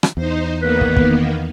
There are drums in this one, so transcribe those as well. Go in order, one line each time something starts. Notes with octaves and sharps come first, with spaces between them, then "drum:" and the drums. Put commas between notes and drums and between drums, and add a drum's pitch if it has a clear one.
drum: rim click
E2 D#4 C5
D#3 A#3 B3 B4
drum: kick
drum: kick